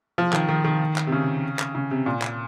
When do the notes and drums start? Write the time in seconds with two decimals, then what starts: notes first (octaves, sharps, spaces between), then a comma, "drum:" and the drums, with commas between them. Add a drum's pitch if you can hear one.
0.18 F3
0.33 D#3, drum: clap
0.49 D#3
0.65 D#3
0.96 drum: clap
1.07 C3
1.12 C#3
1.59 drum: clap
1.75 C#3
1.91 C3
2.06 A#2
2.22 drum: clap